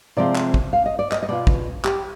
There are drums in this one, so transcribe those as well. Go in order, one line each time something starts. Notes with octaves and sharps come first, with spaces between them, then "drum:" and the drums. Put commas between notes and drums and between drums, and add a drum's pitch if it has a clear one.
C3 F3 G#3 C4 D5
drum: clap
drum: kick
F5
D#5
D5
D#5, drum: clap
D#5
B2 B3 F4 D5
drum: kick
G4, drum: clap